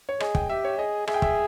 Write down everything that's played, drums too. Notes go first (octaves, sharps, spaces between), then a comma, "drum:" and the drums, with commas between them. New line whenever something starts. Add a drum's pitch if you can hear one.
C#5
G#4 D#5, drum: rim click
G5, drum: kick
G4 E5
C#5
G#4 D#5
G#4 E5, drum: rim click
G5
E5, drum: kick